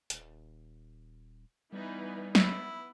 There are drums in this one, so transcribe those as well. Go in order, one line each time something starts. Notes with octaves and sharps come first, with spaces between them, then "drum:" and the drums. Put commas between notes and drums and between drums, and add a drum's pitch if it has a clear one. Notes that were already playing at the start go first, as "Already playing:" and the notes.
D#1, drum: hi-hat
E3 G3 B3 D#4
B3 E4, drum: snare